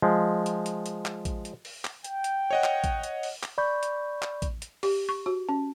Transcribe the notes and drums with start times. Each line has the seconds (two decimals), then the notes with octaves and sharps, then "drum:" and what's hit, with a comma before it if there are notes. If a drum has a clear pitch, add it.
0.02 F3 G#3
0.46 drum: hi-hat
0.66 drum: hi-hat
0.86 drum: hi-hat
1.05 drum: clap
1.25 drum: kick A1, hi-hat
1.45 drum: hi-hat
1.65 drum: open hi-hat
1.85 drum: clap
2.04 G5, drum: hi-hat
2.24 drum: hi-hat
2.51 C#5 D#5 F#5
2.64 drum: clap
2.84 drum: kick A1, hi-hat
3.03 drum: hi-hat
3.23 drum: open hi-hat
3.43 drum: clap
3.58 D5 B5 C#6 G6
3.83 drum: hi-hat
4.22 drum: clap
4.42 drum: kick A1, hi-hat
4.62 drum: hi-hat
4.83 G4, drum: open hi-hat
5.09 C#6
5.26 F#4
5.49 C#4